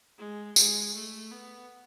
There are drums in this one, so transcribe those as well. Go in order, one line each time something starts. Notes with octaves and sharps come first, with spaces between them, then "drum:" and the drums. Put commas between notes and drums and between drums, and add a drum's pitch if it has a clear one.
G#3
G#3, drum: tambourine
A3
B3